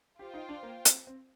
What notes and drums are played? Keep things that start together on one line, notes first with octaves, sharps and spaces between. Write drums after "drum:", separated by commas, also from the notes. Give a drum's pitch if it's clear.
F4 G4 C5 G5
D#4
D4
A#3
C4, drum: hi-hat
C4